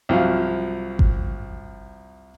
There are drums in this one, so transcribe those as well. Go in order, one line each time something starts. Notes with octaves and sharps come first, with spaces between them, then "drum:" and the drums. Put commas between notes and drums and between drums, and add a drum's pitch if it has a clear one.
C2 F3 F#3 F5
drum: kick G#1